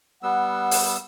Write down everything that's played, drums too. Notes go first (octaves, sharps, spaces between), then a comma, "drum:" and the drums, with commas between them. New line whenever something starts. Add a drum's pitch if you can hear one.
G3 B3 F#5 E6
drum: open hi-hat